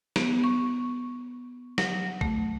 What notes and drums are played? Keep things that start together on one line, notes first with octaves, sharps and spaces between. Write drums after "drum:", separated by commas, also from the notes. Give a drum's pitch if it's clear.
B3, drum: snare
C#6
F#3, drum: snare
A3, drum: kick